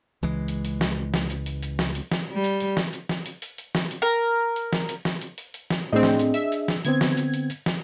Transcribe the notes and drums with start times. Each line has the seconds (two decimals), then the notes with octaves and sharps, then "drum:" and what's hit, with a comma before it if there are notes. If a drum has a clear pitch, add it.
0.22 C#2 E3 G#3
0.48 drum: hi-hat
0.65 drum: hi-hat
0.81 drum: snare
1.14 drum: snare
1.30 drum: hi-hat
1.46 drum: hi-hat
1.63 drum: hi-hat
1.79 drum: snare
1.95 drum: hi-hat
2.11 drum: snare
2.33 G3
2.44 drum: hi-hat
2.60 drum: hi-hat
2.77 drum: snare
2.93 drum: hi-hat
3.09 drum: snare
3.26 drum: hi-hat
3.42 drum: hi-hat
3.58 drum: hi-hat
3.75 drum: snare
3.91 drum: hi-hat
4.02 A#4
4.56 drum: hi-hat
4.73 drum: snare
4.89 drum: hi-hat
5.05 drum: snare
5.21 drum: hi-hat
5.38 drum: hi-hat
5.54 drum: hi-hat
5.70 drum: snare
5.93 A2 C4 D4 G#4 D#5
6.03 drum: snare
6.19 drum: hi-hat
6.34 E5, drum: hi-hat
6.52 drum: hi-hat
6.68 drum: snare
6.85 D3 B3 C4 G#6, drum: hi-hat
7.01 drum: snare
7.17 drum: hi-hat
7.34 drum: hi-hat
7.50 drum: hi-hat
7.66 drum: snare